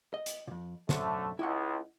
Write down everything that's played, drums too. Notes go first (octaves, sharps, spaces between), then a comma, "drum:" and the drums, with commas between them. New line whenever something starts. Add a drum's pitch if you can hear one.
D#5
drum: hi-hat
F2 A#2
B1 F#2 D3 A3 C5, drum: snare
C#2 E4 D#5 F#5